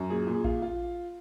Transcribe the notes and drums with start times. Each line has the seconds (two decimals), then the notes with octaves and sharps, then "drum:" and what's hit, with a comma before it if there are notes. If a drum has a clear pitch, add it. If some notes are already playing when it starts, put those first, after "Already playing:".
Already playing: F#2
0.10 A#2 G#4
0.27 A#2
0.33 G#4
0.44 F4, drum: kick A1
0.62 F4